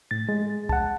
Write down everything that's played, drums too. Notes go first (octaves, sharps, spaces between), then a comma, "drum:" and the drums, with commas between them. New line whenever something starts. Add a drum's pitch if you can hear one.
A2 A6
G#3
F#5 A5, drum: kick